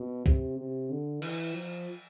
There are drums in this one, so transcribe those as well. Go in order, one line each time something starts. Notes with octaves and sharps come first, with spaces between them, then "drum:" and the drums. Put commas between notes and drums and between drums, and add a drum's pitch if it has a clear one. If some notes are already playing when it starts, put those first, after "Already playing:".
Already playing: B2
C3, drum: kick
C3
D3
E3, drum: cymbal
F3